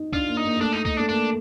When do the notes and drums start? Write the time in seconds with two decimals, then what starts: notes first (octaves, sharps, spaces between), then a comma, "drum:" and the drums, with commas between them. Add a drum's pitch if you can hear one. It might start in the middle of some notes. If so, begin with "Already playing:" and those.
Already playing: D#4
0.13 D4 F4, drum: kick C2
0.29 A#3
0.37 D#4
0.45 A#3
0.57 A#3
0.60 A3 D4
0.72 D#4
0.85 D#4, drum: kick C2
0.97 A3 D4
1.09 A#3 D4